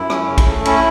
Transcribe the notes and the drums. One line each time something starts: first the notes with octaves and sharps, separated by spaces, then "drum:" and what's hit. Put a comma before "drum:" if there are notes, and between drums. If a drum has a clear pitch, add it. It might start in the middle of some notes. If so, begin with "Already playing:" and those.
Already playing: F#2 E4
C#4, drum: rim click
C#3
drum: kick, cymbal
A3
C#4 E4, drum: cymbal